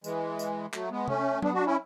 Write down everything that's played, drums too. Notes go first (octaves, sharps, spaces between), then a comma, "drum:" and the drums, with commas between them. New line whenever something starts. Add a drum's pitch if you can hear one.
E3 G#3, drum: tambourine
drum: tambourine
F#3 A3, drum: clap
G#3 B3
A3 C#4, drum: tom C3
B3 D4, drum: tom F#3
D4 F#4
C#4 E4